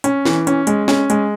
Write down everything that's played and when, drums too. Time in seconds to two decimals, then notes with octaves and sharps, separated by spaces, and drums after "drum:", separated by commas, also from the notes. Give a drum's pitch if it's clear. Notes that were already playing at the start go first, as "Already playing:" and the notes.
0.04 C#4, drum: hi-hat
0.25 E3, drum: snare
0.47 C#4, drum: hi-hat
0.67 G#3, drum: hi-hat
0.88 C#4, drum: snare
1.10 G#3, drum: hi-hat